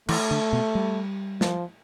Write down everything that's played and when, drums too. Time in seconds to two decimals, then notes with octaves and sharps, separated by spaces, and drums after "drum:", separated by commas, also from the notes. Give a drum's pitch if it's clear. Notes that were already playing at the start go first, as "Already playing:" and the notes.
0.08 E3 A3, drum: cymbal
0.31 D3
0.53 B2
0.75 G3
1.41 F3, drum: snare